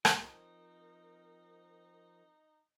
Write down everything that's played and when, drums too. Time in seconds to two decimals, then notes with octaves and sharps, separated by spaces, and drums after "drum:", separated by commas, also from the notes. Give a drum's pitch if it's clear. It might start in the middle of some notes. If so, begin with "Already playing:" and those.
0.05 F3 C4 D#4 A#4, drum: rim click